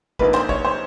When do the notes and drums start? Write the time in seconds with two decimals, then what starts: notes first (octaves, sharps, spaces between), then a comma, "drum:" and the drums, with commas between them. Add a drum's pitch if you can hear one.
0.19 A#1 G#2 F3 A#3 B4, drum: kick
0.34 C5, drum: clap
0.49 C#5, drum: kick
0.65 C5